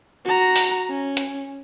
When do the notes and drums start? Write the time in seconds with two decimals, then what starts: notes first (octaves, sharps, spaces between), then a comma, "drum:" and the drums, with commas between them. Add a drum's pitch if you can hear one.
0.25 F#4 A#5
0.56 drum: open hi-hat
0.90 C#4
1.17 drum: hi-hat